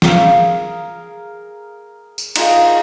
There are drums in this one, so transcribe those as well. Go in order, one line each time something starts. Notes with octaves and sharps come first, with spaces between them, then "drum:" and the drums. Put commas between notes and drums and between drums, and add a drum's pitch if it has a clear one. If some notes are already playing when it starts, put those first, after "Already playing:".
G#4 A#4 F5, drum: snare
drum: tambourine
D#4 F4 G#4 A#4, drum: cymbal